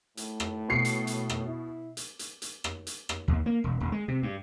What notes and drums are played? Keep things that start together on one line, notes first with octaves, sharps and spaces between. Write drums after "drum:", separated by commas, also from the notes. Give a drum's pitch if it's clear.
A2, drum: hi-hat
drum: rim click
B2 C7 C#7
drum: hi-hat
drum: hi-hat
drum: rim click
E4
drum: hi-hat
drum: hi-hat
drum: hi-hat
drum: rim click
drum: hi-hat
drum: rim click
D#2
A#3
E1
D#1
G#3
C3
G2